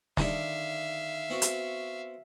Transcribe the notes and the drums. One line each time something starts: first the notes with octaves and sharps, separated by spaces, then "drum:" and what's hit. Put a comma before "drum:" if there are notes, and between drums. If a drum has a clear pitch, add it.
D3 D#3 D#4 E5 F5, drum: snare
B3 C4 F#4
drum: hi-hat